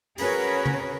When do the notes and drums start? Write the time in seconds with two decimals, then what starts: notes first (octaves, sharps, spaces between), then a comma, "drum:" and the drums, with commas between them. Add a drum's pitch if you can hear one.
0.18 C#4 F#4 G#4 A#4 B4 C#5, drum: open hi-hat
0.66 drum: tom C#3